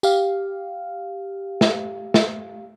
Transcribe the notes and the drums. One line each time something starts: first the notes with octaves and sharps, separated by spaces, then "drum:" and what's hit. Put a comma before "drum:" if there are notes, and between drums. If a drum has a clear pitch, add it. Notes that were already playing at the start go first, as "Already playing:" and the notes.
G4 F5, drum: tambourine
drum: snare
drum: snare